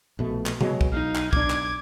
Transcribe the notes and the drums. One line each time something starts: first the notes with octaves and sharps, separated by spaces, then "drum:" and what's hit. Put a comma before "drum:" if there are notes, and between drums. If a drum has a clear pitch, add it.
A#1 B2 A3
drum: clap
B2 F#3 G#3, drum: tom B2
drum: kick
B1 D#4 F5
drum: clap
B1 D4 D6 G#6, drum: kick
drum: clap